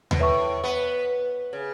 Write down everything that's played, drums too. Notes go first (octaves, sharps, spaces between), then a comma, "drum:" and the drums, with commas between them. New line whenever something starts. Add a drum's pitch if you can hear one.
B2, drum: tom D#2
A2 B4 E5 C#6
B3
C#3